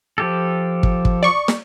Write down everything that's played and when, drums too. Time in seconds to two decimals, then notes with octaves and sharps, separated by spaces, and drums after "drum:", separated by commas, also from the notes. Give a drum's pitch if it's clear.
0.18 F3 G4 A4
0.83 drum: kick
1.05 drum: kick
1.23 D5 C#6
1.48 drum: snare